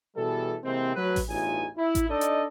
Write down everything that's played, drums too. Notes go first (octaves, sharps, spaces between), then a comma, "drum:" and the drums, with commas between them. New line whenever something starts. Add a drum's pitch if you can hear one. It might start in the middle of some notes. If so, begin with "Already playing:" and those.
B2 E3 G3 G#4 A4
C3 E3 G#3 A#3 C4
F#3 A3 B4
drum: kick A1, open hi-hat
A1 E2 G2 D#4 F4 G#5
E4
drum: kick A1, hi-hat
D4 D#4 A4 D5 D#5
drum: hi-hat